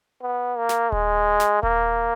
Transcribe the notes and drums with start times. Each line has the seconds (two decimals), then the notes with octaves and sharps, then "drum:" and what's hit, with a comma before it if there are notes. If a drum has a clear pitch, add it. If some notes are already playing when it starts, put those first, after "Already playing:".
0.22 B3
0.58 A#3
0.69 drum: snare
0.92 G#3, drum: kick D#1
1.40 drum: snare
1.63 A#3, drum: kick D#1